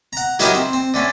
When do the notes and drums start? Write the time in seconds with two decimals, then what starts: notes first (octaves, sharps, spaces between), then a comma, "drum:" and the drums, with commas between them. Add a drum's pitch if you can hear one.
0.13 F#5 A#5
0.39 F#3 D#4 E4 G4 A#4 D#5, drum: hi-hat
0.55 C4
0.73 C4
0.94 D3 A3 C#4